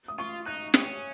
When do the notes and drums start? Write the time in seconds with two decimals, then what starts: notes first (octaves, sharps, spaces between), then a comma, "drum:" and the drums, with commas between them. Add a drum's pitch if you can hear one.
0.08 D#6
0.19 F4 C#6
0.46 D#4 F#6
0.74 C#4 D#6, drum: snare